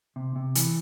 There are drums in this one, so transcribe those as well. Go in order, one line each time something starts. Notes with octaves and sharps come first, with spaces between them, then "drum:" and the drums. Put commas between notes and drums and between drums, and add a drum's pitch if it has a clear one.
C3
C3
E3, drum: hi-hat